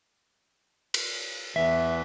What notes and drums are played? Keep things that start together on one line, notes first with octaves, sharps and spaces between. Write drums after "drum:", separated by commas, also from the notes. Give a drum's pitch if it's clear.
drum: cymbal
E2 E3 E5